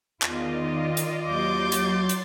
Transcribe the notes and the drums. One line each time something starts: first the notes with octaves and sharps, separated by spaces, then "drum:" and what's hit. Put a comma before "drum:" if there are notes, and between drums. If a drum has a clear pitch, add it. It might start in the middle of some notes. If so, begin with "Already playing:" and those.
E2 D#3 F4 D5 D#5, drum: clap
drum: hi-hat
D#2 F#3 C6 D6 G6 A6
drum: hi-hat
drum: hi-hat